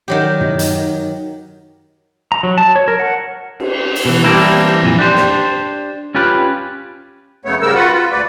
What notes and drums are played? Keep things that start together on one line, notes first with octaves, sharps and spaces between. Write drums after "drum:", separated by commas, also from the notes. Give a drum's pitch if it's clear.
D#3 F#3 G4
drum: tom
drum: hi-hat
A#5
F#3
A5
C#5
A#4
F#5
drum: cymbal
drum: open hi-hat
B2 E3
E3 G3 A#3 C4 D4 E4
F2 A#2 E3
D4 G4 C5
drum: snare
C#4 F4 G4 B4
F#2 C#3 A3 B3 C#5
G#2 C#3 G3 A#4 E6
F4 F#4 B4 F#5
F4
D2 B4 D5